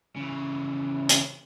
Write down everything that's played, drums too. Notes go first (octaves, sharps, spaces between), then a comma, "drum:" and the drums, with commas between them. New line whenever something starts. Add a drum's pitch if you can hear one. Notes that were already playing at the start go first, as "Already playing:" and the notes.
C#3 E3
drum: hi-hat